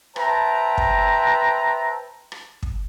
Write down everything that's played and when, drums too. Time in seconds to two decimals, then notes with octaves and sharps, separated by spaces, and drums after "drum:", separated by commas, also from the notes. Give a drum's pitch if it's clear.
0.16 B4 C5 E5 G5 A5 A#5, drum: rim click
0.78 drum: kick
2.32 drum: rim click
2.63 drum: kick